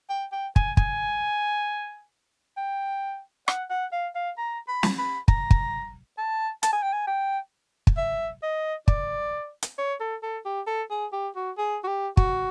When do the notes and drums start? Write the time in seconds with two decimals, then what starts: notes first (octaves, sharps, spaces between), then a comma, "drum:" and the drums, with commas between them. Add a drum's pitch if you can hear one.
0.10 G5
0.32 G5
0.56 G#5, drum: kick
0.77 G#5, drum: kick
2.57 G5
3.48 F#5, drum: rim click
3.70 F#5
3.92 F5
4.15 F5
4.38 A#5
4.68 B5
4.83 drum: snare
4.98 B5
5.28 A#5, drum: kick
5.51 drum: kick
6.18 A5
6.63 A5, drum: hi-hat
6.73 G#5
6.83 G5
6.93 G#5
7.07 G5
7.87 drum: kick
7.98 E5
8.43 D#5
8.88 D5, drum: kick
9.63 drum: hi-hat
9.78 C#5
10.00 A4
10.23 A4
10.46 G4
10.67 A4
10.90 G#4
11.13 G4
11.36 F#4
11.57 G#4
11.84 F#4
11.87 G4
12.17 F#4, drum: kick